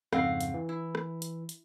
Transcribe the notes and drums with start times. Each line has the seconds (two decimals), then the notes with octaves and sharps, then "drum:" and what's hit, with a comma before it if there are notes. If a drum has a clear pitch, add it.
0.13 F2 G#2 C#3 C4 F5 F#5, drum: rim click
0.41 drum: hi-hat
0.54 E3
0.69 E4
0.95 drum: rim click
1.22 drum: hi-hat
1.49 drum: hi-hat